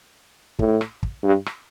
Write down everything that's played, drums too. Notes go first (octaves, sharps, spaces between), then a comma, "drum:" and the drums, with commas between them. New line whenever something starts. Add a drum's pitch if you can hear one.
A2, drum: kick
drum: rim click
drum: kick
G2
drum: rim click